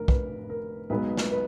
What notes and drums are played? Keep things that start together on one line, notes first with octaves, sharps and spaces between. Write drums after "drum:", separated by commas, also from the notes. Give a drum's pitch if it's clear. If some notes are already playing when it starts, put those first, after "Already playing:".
Already playing: F1 D3 A#4
B4, drum: kick
A#4
B1 B2 G#3 B3 B4
drum: snare
B4